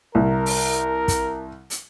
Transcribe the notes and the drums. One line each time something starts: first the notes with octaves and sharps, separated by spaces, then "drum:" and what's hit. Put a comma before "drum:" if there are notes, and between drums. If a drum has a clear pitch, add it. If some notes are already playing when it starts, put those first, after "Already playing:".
C2 A#4
drum: open hi-hat
drum: kick, hi-hat
drum: hi-hat